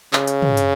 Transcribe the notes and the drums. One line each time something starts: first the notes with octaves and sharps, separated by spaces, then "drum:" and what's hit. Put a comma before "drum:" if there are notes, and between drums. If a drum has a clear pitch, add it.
C#3, drum: clap
drum: hi-hat
drum: tom
drum: hi-hat